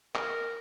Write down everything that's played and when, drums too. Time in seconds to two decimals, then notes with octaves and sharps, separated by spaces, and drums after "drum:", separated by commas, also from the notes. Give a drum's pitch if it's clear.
0.15 A#4, drum: clap